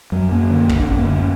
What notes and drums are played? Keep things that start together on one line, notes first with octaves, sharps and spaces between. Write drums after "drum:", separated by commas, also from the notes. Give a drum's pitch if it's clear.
F#2 F#3
F#2 A#3
D3
D3, drum: kick
D4
F#2 C#4
A#3
D2 C#4